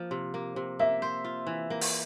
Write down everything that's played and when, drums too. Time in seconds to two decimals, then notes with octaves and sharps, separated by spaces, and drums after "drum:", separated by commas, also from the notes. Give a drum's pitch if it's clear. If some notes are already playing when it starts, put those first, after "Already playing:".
Already playing: F3 A#3
0.11 C3
0.34 A#3
0.56 C3
0.79 A#3 E5
1.02 C5
1.24 F4
1.47 E3
1.70 A#3
1.81 drum: open hi-hat